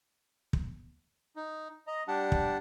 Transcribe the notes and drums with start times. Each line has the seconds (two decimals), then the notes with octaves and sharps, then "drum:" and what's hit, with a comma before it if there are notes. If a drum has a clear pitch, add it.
0.53 drum: kick
1.36 D#4
1.87 D#5 A#5
2.08 G3 D4 G4 F#5 A5
2.32 drum: kick